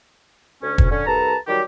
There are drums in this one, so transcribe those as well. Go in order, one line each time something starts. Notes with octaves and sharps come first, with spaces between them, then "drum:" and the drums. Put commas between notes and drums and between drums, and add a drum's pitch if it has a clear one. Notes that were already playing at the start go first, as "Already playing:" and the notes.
D2 C#4
drum: kick
D3 C#4
C2 A4 B4 A5 A#5
D#3 F#3 G3 G4